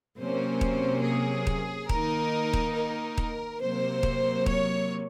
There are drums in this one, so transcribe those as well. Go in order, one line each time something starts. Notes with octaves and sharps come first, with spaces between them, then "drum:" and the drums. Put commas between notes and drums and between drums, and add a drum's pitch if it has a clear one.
C3 F#3 A#3 C#4 C5
drum: kick D#1
G#4
drum: kick D#1
D#3 A#3 D#4 A#4, drum: kick D#1
drum: kick D#1
A#4
drum: kick D#1
C3 F#3 A#3 C5
drum: kick D#1
C#5, drum: kick D#1